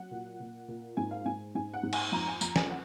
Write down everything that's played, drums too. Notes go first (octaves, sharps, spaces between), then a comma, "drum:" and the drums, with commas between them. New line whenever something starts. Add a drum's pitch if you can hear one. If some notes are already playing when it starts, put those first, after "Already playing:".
Already playing: F#3 F#5
A#2
A#2
A#2
G#2 G#5
F5
G#2 G#5
G#2 G#5
F#5
G#2
G#5, drum: cymbal
F2 A#5
G#5
F2 A#5, drum: tambourine
G#5, drum: snare
F#5